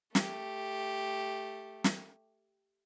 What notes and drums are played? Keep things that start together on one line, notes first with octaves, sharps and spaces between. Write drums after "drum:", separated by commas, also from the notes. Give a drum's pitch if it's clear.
A3 G4, drum: snare
drum: snare